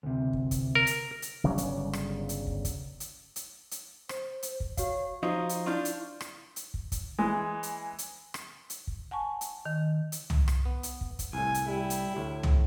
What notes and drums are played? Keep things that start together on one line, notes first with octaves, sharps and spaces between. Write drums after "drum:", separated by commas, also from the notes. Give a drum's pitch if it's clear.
D2 C3
drum: kick
drum: kick, hi-hat
A#4
drum: hi-hat
drum: hi-hat
G1 C#3 F#3 G3
drum: hi-hat
drum: rim click
drum: hi-hat
drum: kick
drum: kick, hi-hat
drum: hi-hat
drum: hi-hat
drum: hi-hat
C5, drum: rim click
drum: hi-hat
drum: kick
F#4 C#5 F5, drum: kick, hi-hat
F3 D#4 F4 F#4 C#6 D#6
drum: hi-hat
D4 E4 F4 C#6 F6 G6
drum: hi-hat
drum: rim click
drum: hi-hat
drum: kick
drum: kick, hi-hat
E3 G#3
drum: hi-hat
drum: hi-hat
drum: rim click
drum: hi-hat
drum: kick
F#5 G#5 A5 C#6
drum: hi-hat
D#3
drum: hi-hat
drum: tom
drum: rim click
B3
drum: hi-hat
drum: kick
drum: kick, hi-hat
C2 A2 G#5
drum: hi-hat
G3 E4
drum: hi-hat
D2 A2
drum: tom